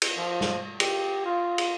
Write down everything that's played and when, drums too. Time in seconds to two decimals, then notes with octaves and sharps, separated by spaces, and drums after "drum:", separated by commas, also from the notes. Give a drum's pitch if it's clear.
0.02 drum: cymbal
0.17 F3
0.41 drum: snare
0.80 G4, drum: cymbal
1.25 F4
1.58 drum: cymbal